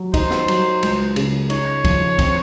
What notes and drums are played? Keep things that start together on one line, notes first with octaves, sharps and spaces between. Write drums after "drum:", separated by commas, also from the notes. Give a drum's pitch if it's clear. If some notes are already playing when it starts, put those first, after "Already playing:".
Already playing: F#3
D#4 C5, drum: kick, cymbal
drum: snare
F#3, drum: cymbal
C#2, drum: cymbal
C#3, drum: cymbal
D#4 C#5, drum: cymbal
F3, drum: kick, cymbal
C4, drum: kick, cymbal